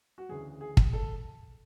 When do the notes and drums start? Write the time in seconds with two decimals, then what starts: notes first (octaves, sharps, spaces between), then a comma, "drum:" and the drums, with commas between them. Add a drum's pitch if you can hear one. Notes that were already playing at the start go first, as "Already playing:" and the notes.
0.18 F#4
0.29 D2 C#3 E3 G#4
0.61 G#4
0.77 drum: kick
0.93 A4